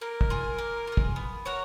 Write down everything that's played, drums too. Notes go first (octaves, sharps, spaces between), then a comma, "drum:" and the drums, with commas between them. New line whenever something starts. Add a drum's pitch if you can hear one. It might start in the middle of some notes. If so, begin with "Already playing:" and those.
A#3 A#4
drum: kick
F4 G#4
A#3
F4 G#4
drum: kick
B3
F#4 A#4 C#5